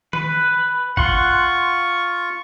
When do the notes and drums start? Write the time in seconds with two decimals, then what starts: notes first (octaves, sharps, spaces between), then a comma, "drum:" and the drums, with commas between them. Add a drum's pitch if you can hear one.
0.13 B4, drum: tom
0.97 F4 F#5 C6 C#6, drum: kick G#1